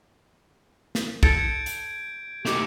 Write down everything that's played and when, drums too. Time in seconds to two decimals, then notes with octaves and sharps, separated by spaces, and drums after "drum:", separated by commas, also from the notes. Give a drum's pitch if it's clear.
0.95 drum: snare
1.23 A4 G6 G#6 D7, drum: kick B1
1.66 drum: hi-hat
2.46 A3 D#4 G4 G6 C#7 E7, drum: snare